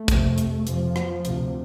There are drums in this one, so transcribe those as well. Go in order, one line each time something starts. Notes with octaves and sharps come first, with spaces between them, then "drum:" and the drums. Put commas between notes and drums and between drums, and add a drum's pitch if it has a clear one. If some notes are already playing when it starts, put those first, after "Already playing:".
Already playing: A3
F2 C3, drum: kick, hi-hat
drum: hi-hat
F2 C3 F3, drum: hi-hat
drum: rim click
D2 C3, drum: hi-hat